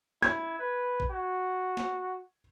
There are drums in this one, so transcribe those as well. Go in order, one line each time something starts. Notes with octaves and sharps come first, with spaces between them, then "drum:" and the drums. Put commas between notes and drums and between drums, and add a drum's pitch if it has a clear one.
E4 G#6, drum: snare
B4
drum: kick
F#4
drum: snare